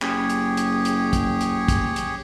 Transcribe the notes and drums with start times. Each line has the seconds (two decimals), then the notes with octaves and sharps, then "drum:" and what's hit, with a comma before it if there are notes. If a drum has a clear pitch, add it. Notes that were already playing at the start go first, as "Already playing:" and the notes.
0.02 F#1 G4 G#4 C#5, drum: clap
0.30 drum: hi-hat
0.57 drum: hi-hat
0.85 drum: hi-hat
1.13 drum: kick, hi-hat
1.41 drum: hi-hat
1.68 drum: kick, hi-hat
1.96 drum: hi-hat